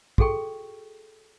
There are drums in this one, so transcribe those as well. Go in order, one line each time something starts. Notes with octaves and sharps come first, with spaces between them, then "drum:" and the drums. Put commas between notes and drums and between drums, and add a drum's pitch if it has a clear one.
F#4 G#4 A4 G5 C#6, drum: kick